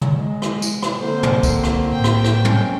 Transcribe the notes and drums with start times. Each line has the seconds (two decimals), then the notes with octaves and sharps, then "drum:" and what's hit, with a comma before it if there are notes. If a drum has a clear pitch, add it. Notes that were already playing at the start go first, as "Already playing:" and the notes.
0.01 drum: tom
0.16 G#3
0.42 drum: rim click
0.62 drum: tambourine
0.83 drum: rim click
1.00 D3 A#3 C4 C5
1.23 drum: tom
1.43 drum: kick C2, tambourine
1.64 drum: rim click
1.92 A2 G5
2.04 drum: rim click
2.24 drum: rim click
2.45 C#4, drum: tom